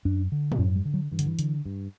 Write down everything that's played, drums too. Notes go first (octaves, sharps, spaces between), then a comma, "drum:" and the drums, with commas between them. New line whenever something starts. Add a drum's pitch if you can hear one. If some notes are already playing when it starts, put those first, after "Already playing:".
F#2 D4
D3
B3, drum: tom
F#2 C#4
G3
D3
F#3
G2 E3
D3, drum: hi-hat
E3
D3, drum: hi-hat
G2